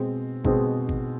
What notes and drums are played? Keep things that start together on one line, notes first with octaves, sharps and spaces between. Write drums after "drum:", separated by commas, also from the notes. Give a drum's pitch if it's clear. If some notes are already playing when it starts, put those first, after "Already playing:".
Already playing: B2 G#3 C4
B2 G#3 C4, drum: kick G#1
drum: kick G#1